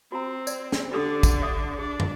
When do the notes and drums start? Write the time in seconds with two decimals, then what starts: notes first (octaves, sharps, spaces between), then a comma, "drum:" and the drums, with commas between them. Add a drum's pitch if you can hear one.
0.12 C4 F#4 A#5
0.47 D5, drum: tambourine
0.72 drum: snare
0.92 D3 D4 G4 A4
1.23 drum: kick, tambourine
1.42 D5 E5 D#6
1.79 D4 G#4
2.00 drum: tom